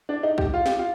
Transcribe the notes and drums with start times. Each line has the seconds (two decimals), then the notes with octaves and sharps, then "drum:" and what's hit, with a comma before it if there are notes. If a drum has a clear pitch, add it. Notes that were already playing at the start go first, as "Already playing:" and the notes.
0.09 D4
0.23 D#4
0.38 G4, drum: kick
0.54 F4
0.66 G4, drum: snare
0.79 F4